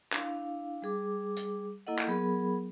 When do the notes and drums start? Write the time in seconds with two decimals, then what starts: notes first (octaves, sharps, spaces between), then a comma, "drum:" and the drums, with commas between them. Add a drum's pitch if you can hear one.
0.12 D4 E4 F5, drum: clap
0.82 G3 G#4 D6
1.36 drum: hi-hat
1.87 A#3 E4 A4 D#5 F#5
1.98 drum: clap
2.08 F#3 B3 G#4 A#4 B5